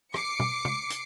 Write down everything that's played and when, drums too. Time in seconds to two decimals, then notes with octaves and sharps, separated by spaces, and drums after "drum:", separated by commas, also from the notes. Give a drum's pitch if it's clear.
0.14 D6 C7 C#7, drum: rim click
0.40 drum: tom
0.65 drum: tom
0.90 drum: hi-hat